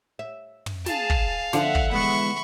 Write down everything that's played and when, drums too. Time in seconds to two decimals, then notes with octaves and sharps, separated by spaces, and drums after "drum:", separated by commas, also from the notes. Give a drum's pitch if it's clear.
0.19 E5
0.66 drum: tom
0.86 G#4 F5 A5, drum: snare
1.10 drum: kick
1.53 D3 F3 E5 F#5, drum: snare
1.75 drum: kick
1.91 E3 G#3 B3 B5 C#6